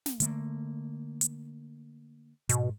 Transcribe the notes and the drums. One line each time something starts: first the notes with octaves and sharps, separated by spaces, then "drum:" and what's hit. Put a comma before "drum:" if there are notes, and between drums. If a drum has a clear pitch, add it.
drum: snare
D3 A3 A#3, drum: hi-hat
drum: hi-hat
G#2 B2, drum: hi-hat